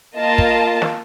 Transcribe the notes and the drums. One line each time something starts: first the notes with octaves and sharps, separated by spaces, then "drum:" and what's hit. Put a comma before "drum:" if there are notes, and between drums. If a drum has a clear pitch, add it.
A#3 F4 A#4 D#5 A5
drum: kick
drum: snare